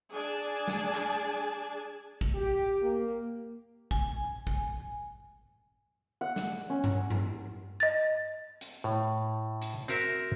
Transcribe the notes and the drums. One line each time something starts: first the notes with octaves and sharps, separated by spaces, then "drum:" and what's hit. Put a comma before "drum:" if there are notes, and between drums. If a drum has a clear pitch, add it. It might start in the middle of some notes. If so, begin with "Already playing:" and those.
D4 G#4 D5 G#5 A5
drum: snare
drum: clap
drum: kick
G4
A#3
G#5, drum: kick
drum: kick
F#5
drum: snare
C#4
drum: tom G2
drum: tom G2
D#5 A6
drum: hi-hat
A2
drum: hi-hat
C4 F#4 A#4 E5, drum: hi-hat